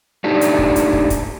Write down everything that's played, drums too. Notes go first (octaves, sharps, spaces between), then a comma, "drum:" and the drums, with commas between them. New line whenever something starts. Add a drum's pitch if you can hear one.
A3 D4 D#4 G4
drum: hi-hat
drum: kick
drum: hi-hat
drum: kick
drum: kick, hi-hat